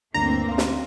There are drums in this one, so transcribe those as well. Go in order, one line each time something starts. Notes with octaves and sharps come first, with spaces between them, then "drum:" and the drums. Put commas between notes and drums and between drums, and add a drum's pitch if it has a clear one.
G1 D2 A3 A#3 C4 D4 A#5
F5 C6
drum: snare